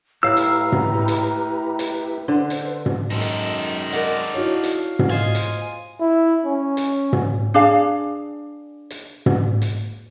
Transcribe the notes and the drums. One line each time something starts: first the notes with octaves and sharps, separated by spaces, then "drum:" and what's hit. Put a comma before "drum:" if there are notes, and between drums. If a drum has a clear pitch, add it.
A2 E4 G4 B4 F5 A#5 E6
drum: hi-hat
drum: tom
drum: hi-hat
drum: hi-hat
D3 B4 C5
drum: hi-hat
drum: tom
F#2 D#3 G#3 D#4 A4
drum: hi-hat
A#4 D5 F#5, drum: hi-hat
E4 F#4 C#5 F5
drum: hi-hat
drum: tom
F4 C5 D#5 G#5
drum: hi-hat
E4
C#4
drum: hi-hat
drum: tom
D4 G#4 F5
drum: hi-hat
drum: tom
drum: hi-hat